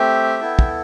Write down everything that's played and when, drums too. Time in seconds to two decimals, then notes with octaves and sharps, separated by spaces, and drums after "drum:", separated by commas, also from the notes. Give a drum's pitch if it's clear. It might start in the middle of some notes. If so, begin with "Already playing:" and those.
Already playing: A3 C4 G4 E5 G5
0.40 B3 E4 A4
0.59 drum: kick